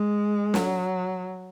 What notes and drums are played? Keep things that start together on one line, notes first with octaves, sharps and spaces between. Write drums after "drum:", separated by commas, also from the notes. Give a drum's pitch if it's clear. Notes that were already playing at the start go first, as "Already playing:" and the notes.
Already playing: G#3
F#3, drum: snare